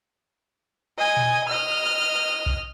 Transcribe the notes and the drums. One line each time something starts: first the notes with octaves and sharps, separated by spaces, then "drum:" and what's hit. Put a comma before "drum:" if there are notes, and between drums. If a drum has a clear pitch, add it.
D#5 G#5
drum: tom A#2
D#5 F6
drum: kick B1